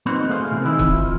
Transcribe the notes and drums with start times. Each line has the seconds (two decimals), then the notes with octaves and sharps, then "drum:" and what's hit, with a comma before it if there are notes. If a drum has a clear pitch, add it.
0.06 A#3 C4 D#4 F#4 B4 C5
0.29 A3 G#4 C5 F5
0.51 C3 E3 A#3 B3
0.64 D#3 E3 C4 D#4 E4
0.79 drum: kick
0.92 F4